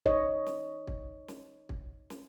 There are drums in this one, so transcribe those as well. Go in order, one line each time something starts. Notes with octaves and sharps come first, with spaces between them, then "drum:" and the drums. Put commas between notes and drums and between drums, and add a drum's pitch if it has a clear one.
D#4 C#5 D#5, drum: kick
drum: snare
drum: kick
drum: snare
drum: kick
drum: snare